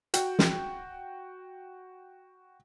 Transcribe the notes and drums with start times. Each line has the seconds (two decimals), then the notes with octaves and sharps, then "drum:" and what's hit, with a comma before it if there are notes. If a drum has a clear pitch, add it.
0.14 F#4 G5, drum: hi-hat
0.39 drum: snare